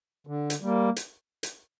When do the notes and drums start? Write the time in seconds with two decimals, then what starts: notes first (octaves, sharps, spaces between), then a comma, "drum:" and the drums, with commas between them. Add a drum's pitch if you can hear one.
0.27 D3
0.50 drum: hi-hat
0.61 G3 A#3
0.96 drum: hi-hat
1.43 drum: hi-hat